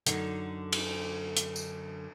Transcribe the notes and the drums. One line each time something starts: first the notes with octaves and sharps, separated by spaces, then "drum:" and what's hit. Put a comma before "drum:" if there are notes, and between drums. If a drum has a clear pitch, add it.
F#2 D3 D#4, drum: hi-hat
drum: cymbal
drum: hi-hat
drum: tambourine